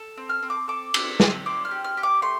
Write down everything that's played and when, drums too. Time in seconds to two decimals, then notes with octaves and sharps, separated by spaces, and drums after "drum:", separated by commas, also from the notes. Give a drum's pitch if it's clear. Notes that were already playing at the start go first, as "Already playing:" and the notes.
Already playing: A4
0.17 C4
0.29 F6
0.43 C4
0.50 D6
0.68 A4 D6
0.94 C4, drum: cymbal
1.20 C4, drum: snare
1.46 C4 D6
1.65 F6
1.71 G4
1.84 F6
1.97 G4
2.03 D6
2.22 A3 C6